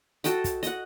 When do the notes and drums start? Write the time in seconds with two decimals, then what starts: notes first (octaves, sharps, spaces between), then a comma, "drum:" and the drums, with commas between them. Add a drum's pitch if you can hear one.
0.24 F#4 A4 D#5 G5, drum: hi-hat
0.44 drum: kick, hi-hat
0.63 D#5 F#5, drum: hi-hat